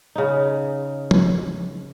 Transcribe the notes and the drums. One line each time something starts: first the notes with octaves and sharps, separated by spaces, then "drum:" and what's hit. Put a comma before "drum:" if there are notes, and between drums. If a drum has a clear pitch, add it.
C#3 D#4
drum: tom F3